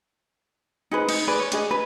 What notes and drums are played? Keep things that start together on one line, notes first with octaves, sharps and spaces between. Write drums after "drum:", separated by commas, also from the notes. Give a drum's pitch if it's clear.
D#4 G#4 B4 C5
D#4, drum: cymbal
G#4 B4 D5
C#5
D4 G#4 D#5, drum: hi-hat
B4